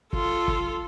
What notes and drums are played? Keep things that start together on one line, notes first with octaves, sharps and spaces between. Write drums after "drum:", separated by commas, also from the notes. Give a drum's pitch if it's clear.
F4 A4, drum: kick
drum: kick